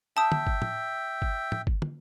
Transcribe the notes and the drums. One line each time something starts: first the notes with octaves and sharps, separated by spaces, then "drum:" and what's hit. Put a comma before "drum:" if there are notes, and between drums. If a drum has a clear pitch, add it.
E5 G5 A5 D#6
drum: tom
drum: kick G1
drum: tom
drum: kick G1
drum: tom
drum: kick G1
drum: tom